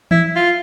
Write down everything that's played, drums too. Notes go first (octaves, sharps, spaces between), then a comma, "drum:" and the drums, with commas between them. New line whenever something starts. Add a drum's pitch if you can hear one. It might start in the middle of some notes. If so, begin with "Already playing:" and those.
E4, drum: tom E3
F4